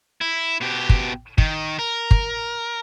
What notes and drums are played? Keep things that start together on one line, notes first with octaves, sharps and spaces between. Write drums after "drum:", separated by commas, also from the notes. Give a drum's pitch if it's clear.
E4
B2 G4
drum: kick
D#3, drum: kick
A#4
drum: kick